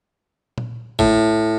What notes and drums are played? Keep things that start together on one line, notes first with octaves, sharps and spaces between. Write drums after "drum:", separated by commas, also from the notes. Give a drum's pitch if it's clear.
drum: tom A#2
A2, drum: kick G#1